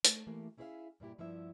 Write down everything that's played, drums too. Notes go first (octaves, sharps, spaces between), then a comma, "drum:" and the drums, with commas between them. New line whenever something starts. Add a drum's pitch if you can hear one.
A3, drum: hi-hat
E3 A3 A#3 G4
C#4 E4 G#4 A#4 E5 F5
G2 A#2 E4 G4
G2 F3 B3 D4 E4 E5